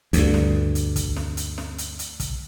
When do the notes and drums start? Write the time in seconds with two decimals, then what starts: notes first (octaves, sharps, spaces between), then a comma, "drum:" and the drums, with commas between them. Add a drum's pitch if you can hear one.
0.13 D2 G2, drum: hi-hat
0.34 drum: snare
0.75 drum: hi-hat
0.96 drum: kick, hi-hat
1.16 drum: snare
1.37 drum: hi-hat
1.58 drum: snare
1.78 drum: hi-hat
1.99 drum: hi-hat
2.20 drum: kick, hi-hat